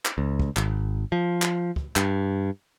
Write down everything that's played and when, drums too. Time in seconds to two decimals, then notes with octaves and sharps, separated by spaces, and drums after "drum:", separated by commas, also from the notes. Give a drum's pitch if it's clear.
0.05 drum: clap
0.18 C#2
0.40 drum: kick
0.57 G#1, drum: clap
1.12 F3
1.42 drum: clap
1.76 drum: kick
1.96 G2, drum: clap